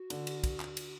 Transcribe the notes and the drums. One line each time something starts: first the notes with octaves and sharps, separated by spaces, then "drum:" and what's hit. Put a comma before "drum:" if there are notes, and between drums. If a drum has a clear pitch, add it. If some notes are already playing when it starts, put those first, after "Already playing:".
Already playing: F#4
D3, drum: cymbal
drum: cymbal
drum: kick, cymbal
drum: clap
drum: cymbal